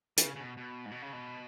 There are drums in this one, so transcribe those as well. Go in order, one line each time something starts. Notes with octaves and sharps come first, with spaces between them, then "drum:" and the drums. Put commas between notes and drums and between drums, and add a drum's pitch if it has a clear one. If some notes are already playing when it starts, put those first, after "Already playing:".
E3, drum: hi-hat
C#3
C#3
B2
B2
G#2
B2
C#3
B2